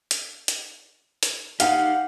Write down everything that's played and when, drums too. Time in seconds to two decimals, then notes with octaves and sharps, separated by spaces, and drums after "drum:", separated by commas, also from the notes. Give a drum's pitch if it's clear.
0.11 drum: hi-hat
0.48 drum: hi-hat
1.23 drum: hi-hat
1.60 D#4 G4 F5 F#5, drum: hi-hat